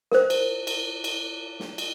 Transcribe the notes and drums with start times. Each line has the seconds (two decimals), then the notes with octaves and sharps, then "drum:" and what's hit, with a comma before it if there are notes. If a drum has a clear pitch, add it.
0.12 A#4 C5, drum: snare
0.30 drum: cymbal
0.67 drum: cymbal
1.04 drum: cymbal
1.60 drum: snare
1.78 drum: cymbal